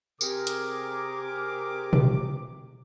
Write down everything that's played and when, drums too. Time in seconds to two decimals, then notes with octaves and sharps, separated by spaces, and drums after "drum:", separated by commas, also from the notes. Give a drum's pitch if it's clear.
0.21 C3 G4 G#4 A#4 D6, drum: tambourine
0.47 drum: hi-hat
1.93 drum: tom A#2